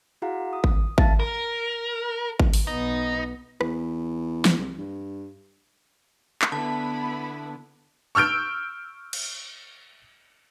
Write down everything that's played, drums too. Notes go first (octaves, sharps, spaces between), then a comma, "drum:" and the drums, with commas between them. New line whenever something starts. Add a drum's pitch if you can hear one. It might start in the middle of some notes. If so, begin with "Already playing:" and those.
E4 F#4 G#4 F5 F#5 A#5
D#6
drum: kick G#1
E5 F5 A5 A6, drum: kick G#1
A#4
drum: kick G#1
drum: open hi-hat
B1 B3 D#4
E2, drum: rim click
drum: snare
C2
G2
drum: clap
D3 B3 E4 A5 B5
C#6 E6 F6 G6 D7
drum: cymbal